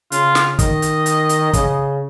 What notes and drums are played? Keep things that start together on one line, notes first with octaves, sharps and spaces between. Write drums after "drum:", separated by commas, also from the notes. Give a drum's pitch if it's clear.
C#3 F4, drum: hi-hat
drum: snare
D#3 D#5, drum: kick, hi-hat
drum: hi-hat
drum: hi-hat
drum: hi-hat
C#3, drum: kick, hi-hat